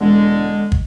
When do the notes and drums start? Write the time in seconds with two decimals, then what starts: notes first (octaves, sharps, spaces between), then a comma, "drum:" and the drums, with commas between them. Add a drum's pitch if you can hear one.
0.01 E1 D3 G#3
0.72 drum: kick